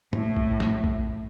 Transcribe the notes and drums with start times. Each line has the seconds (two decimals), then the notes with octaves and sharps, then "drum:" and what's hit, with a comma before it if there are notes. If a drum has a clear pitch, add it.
0.13 A2, drum: tom
0.37 drum: kick A#1
0.60 drum: snare
0.84 drum: kick A#1